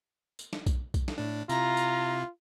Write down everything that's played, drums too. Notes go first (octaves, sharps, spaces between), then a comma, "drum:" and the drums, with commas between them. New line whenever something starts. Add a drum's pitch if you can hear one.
drum: tambourine
drum: snare
drum: kick B1, tambourine
drum: kick B1, tambourine
drum: snare
A2 D4
C3 E4 F4 A#5, drum: tambourine
drum: tambourine